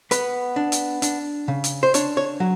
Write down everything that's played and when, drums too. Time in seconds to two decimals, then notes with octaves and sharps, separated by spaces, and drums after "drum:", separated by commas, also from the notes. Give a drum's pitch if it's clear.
0.11 B3 B4, drum: hi-hat
0.56 D4
0.72 drum: hi-hat
1.02 D4, drum: hi-hat
1.48 C#3
1.64 drum: hi-hat
1.83 C5
1.94 D4 C#5, drum: hi-hat
2.17 C#5
2.40 F#3